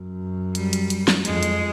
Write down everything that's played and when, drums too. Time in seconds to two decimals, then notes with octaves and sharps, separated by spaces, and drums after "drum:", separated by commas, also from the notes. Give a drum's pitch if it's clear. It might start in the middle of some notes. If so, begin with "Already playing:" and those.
Already playing: F#2
0.55 G3, drum: hi-hat
0.73 drum: hi-hat
0.90 drum: hi-hat
1.08 drum: snare
1.25 F2 G#3, drum: hi-hat
1.43 drum: hi-hat